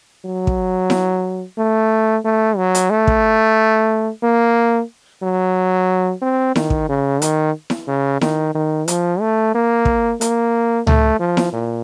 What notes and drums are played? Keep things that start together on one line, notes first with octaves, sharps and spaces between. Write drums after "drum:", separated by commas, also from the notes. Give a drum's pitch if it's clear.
F#3
drum: kick
drum: snare E4
A3
A3
F#3
drum: hi-hat
A3
drum: kick
A#3
F#3
C4
D#3, drum: snare E4
drum: kick
C#3
D#3, drum: hi-hat
drum: snare E4
C#3
D#3, drum: snare E4
D#3
F3, drum: hi-hat
A3
A#3
drum: kick
A#3, drum: hi-hat
A3, drum: tom C#2
F3
drum: snare E4
A#2